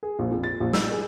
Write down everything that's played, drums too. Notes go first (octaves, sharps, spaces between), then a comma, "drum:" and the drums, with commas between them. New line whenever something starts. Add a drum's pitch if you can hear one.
G#4
A#1
F2
A6
A#1
E6, drum: snare
G#4